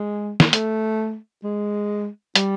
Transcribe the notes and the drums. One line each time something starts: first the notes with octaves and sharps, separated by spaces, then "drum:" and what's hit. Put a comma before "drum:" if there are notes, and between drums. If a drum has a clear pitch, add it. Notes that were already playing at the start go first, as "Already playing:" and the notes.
Already playing: G#3
drum: snare
A3, drum: hi-hat
G#3
G3, drum: hi-hat